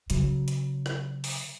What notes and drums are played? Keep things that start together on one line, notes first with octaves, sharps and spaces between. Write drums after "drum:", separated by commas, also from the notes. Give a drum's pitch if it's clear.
C#3 F#3, drum: hi-hat
drum: hi-hat
drum: rim click
drum: open hi-hat